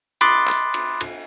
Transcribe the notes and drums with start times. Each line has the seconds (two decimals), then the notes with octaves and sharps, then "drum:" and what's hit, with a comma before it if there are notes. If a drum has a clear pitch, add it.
0.21 B5 C6 D6 D#6 F#6 A6, drum: cymbal
0.48 drum: clap
0.74 drum: cymbal
1.01 drum: cymbal